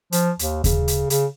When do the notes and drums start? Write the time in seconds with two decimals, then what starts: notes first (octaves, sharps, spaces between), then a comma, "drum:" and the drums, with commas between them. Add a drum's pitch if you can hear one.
0.12 F3, drum: hi-hat
0.39 D#2, drum: hi-hat
0.64 C#3, drum: kick D#2, hi-hat
0.88 drum: hi-hat
1.10 C#3, drum: hi-hat